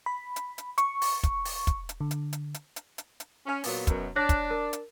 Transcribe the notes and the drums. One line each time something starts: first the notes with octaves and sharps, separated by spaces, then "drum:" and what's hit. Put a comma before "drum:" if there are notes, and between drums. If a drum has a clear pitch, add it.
B5
drum: hi-hat
drum: hi-hat
C#6, drum: hi-hat
drum: open hi-hat
drum: kick, hi-hat
drum: open hi-hat
drum: kick, hi-hat
drum: hi-hat
D3
drum: hi-hat
drum: hi-hat
drum: hi-hat
drum: hi-hat
drum: hi-hat
drum: hi-hat
C#4
A#2 F#3 B3, drum: open hi-hat
F#2 B2, drum: kick, hi-hat
D4 C#5 F#6 A#6
drum: kick, hi-hat
A#4
drum: hi-hat